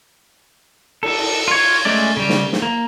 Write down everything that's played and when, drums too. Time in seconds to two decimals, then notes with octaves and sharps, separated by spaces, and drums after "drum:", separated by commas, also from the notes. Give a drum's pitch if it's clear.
1.03 A4, drum: cymbal
1.19 drum: cymbal
1.48 F4 C#5
1.85 G#3 A3 C#4 D5
2.17 C#3 G3
2.29 drum: snare
2.52 drum: snare
2.62 A#3